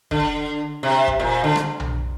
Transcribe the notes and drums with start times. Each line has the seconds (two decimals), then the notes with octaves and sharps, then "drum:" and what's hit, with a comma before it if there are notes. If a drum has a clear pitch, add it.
0.11 D3, drum: kick
0.83 C3
1.08 drum: kick
1.19 A#2
1.44 D3
1.56 drum: rim click
1.80 drum: tom B1